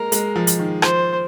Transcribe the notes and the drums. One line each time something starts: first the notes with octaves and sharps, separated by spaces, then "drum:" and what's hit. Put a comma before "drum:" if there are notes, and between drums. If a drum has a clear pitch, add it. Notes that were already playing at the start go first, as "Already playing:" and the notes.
Already playing: G#3 A#3 A#4
G#3, drum: hi-hat
F3
drum: hi-hat
D#3
F3 C5, drum: rim click